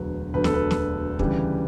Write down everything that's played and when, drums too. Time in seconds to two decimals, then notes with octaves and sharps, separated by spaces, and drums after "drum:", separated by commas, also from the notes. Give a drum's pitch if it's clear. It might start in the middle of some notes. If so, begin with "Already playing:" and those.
Already playing: E1 D2 D3 F#3 B4
0.34 E1 D2 D3 F#3 B4
0.44 A4, drum: snare
0.54 B4
0.71 drum: snare
1.19 D2 C#3 E3 G3, drum: kick